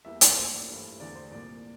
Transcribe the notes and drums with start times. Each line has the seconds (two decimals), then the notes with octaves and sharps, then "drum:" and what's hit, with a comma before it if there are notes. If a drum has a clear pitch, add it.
0.05 E2 E3 G3 A#3 E5
0.21 D5, drum: hi-hat
0.37 A2 F3 A#3 C5
0.69 G2 E3 A3
1.00 E2 D3 A3 D5
1.15 C5
1.31 C2 A#2 F3 A#3 D5